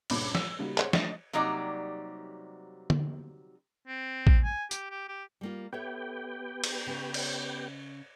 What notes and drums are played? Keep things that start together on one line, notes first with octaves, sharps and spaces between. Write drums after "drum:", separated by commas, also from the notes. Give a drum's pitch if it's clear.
C#2 G2 A#2 B5 D6, drum: cymbal
E6, drum: snare
C#3 G3 A#3 D#4 F#4
G#4 C5 C#5 F#5, drum: clap
A3 D4 D#5 A6 A#6, drum: snare
C3 F#3 G3 A#3 D#4 D5
drum: tom D3
C4
drum: kick A1
G#5
G4, drum: tambourine
G4
G4
G3 A#3 F4
B3 G4 A4 C#5 E5 G5
drum: cymbal
C#3 C#4
drum: cymbal